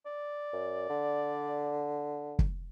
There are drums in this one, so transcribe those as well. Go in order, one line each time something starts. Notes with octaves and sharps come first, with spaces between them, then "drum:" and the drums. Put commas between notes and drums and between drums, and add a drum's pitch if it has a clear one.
D5
F#2
D3
drum: kick